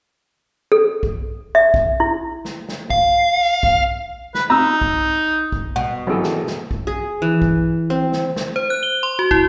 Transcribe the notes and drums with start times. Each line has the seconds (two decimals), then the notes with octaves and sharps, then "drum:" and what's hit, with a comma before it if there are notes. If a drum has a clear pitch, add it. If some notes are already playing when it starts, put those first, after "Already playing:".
0.72 A4
1.03 drum: kick
1.55 E5
1.74 drum: kick
2.00 E4
2.45 drum: snare
2.69 drum: snare
2.90 F5, drum: kick
3.63 drum: kick
4.35 B4, drum: snare
4.50 D#4 A#5 E6
4.81 drum: kick
5.52 drum: kick
5.76 B2 F#5
6.07 G#1 E3 F#3 G#4 A4
6.23 drum: snare
6.47 drum: snare
6.71 drum: kick
6.87 G#4
7.22 E3
7.42 drum: kick
7.90 C4
8.13 drum: snare
8.36 drum: snare
8.56 C5
8.70 F#6
8.83 G7
9.03 C6
9.19 F#4
9.31 E4, drum: kick